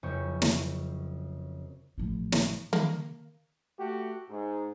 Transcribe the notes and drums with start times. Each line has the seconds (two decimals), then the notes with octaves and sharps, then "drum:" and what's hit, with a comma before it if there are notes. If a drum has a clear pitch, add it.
0.03 F#1 F2 C#3 B3 C#6 G6
0.42 drum: snare
1.98 A1 F3
2.32 drum: snare
2.73 A#3, drum: tom D#3
3.79 A3 F#4 G4
4.29 G#2